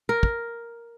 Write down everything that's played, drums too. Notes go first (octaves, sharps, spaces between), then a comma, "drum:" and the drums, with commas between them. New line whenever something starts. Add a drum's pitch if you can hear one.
A#4
drum: kick